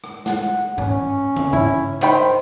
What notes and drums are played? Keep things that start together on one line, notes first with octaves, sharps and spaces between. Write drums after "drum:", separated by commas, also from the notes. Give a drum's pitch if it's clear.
drum: rim click
F#5, drum: snare
C#4, drum: tom G2
drum: tom
E4, drum: tom G2
D#3 C5 G5 B5, drum: clap